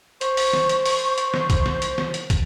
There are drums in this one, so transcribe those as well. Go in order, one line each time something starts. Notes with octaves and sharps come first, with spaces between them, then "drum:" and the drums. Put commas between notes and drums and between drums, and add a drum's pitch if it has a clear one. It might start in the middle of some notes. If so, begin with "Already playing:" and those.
C5 C#6, drum: hi-hat
drum: open hi-hat
drum: snare
drum: hi-hat
drum: open hi-hat
drum: hi-hat
drum: snare
drum: kick, hi-hat
drum: snare
drum: hi-hat
drum: snare
drum: hi-hat
drum: kick, hi-hat